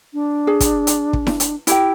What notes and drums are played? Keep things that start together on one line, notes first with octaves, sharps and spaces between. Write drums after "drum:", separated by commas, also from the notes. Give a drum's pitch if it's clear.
D4
G#4
drum: kick, hi-hat
drum: hi-hat
drum: kick
drum: snare E4
drum: hi-hat
E4 G4 G5, drum: hi-hat